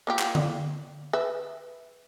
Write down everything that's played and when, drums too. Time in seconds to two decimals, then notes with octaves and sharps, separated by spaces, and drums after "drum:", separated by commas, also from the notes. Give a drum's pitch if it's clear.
0.07 A#3 F4 G4
0.19 drum: clap
0.35 drum: tom D3
1.13 B4 E5